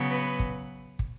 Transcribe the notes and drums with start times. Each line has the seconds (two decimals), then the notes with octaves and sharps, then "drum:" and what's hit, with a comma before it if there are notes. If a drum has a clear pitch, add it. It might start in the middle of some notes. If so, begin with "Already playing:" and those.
Already playing: C#3 F#3 B3
0.09 B4
0.39 drum: kick
0.99 drum: kick